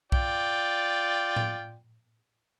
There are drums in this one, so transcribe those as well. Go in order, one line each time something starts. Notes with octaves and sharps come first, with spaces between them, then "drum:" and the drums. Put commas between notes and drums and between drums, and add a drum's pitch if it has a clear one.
F4 D5 G5, drum: kick B1
drum: tom A2